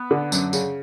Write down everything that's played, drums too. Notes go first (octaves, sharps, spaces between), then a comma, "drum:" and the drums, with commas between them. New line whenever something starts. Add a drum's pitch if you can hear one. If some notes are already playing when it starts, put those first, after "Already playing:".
Already playing: B3 B4
D3
F#2, drum: tambourine
C#3, drum: tambourine